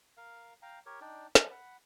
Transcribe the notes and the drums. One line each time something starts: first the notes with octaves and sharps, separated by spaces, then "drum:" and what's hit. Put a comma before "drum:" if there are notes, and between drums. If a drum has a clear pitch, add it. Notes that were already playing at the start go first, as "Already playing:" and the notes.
A#4 F5
F5 G5 A#5
G4 A#4 C#5
D4 D#4 D5 G5
F#3 C#4 A5, drum: snare
F#5 B5